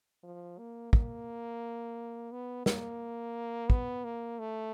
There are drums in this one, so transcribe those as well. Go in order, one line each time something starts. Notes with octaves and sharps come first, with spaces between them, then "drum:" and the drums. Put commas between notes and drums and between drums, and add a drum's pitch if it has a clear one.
F3
A#3
A#3, drum: kick
B3
A#3, drum: snare
B3, drum: kick
A#3
A3